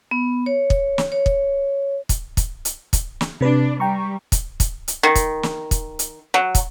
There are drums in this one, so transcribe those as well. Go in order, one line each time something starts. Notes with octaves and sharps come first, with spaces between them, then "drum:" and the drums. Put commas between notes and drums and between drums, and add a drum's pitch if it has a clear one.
B3
C#5
drum: kick
drum: snare
C#5
drum: kick
drum: kick, hi-hat
drum: kick, hi-hat
drum: hi-hat
drum: kick, hi-hat
drum: snare
C3 D4 B4
G3 G5 A#5 C#6
drum: kick, hi-hat
drum: kick, hi-hat
drum: hi-hat
D#3
drum: kick, hi-hat
drum: snare
drum: kick, hi-hat
drum: hi-hat
F#3
drum: kick, hi-hat